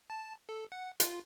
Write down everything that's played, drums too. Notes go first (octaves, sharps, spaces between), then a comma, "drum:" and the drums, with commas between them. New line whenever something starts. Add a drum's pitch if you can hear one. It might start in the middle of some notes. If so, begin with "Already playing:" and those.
A5
A4
F#5
F4, drum: hi-hat